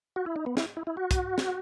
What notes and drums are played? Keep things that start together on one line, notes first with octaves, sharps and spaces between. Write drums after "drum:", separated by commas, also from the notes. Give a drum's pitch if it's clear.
F#4
E4
D#4
B3
E4, drum: snare
E4
E4
F#4
drum: kick, hi-hat
drum: snare